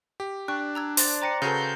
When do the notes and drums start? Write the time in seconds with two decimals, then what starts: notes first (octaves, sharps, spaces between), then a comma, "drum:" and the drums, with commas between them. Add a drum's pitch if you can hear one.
0.20 G4
0.48 D4 G5 C#6 F#6
0.75 A#5 E6 G#6
0.97 C5 C6 A6, drum: open hi-hat
1.22 C5 G5 A#5 A#6 C#7 D#7
1.42 C#3 F#4 A4 B4 A#5 G6 A#6 D#7